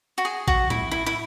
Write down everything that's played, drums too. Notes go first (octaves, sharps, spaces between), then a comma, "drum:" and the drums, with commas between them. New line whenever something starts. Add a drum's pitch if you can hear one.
F#4
G#4
F#4, drum: kick A1
E4, drum: tom A2
E4
E4